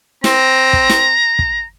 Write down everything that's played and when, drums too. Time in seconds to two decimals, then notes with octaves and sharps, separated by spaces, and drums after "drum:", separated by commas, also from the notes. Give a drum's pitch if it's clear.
0.24 C4 A#5, drum: snare
0.73 drum: kick
0.90 drum: snare
1.39 drum: kick